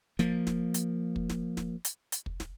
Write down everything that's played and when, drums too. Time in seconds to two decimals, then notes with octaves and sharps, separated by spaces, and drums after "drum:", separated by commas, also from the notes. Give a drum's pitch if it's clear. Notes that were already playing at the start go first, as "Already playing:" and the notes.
0.19 F3 A#3, drum: snare
0.47 drum: snare
0.74 drum: hi-hat
1.16 drum: kick
1.30 drum: snare
1.57 drum: snare
1.85 drum: hi-hat
2.12 drum: hi-hat
2.26 drum: kick
2.40 drum: snare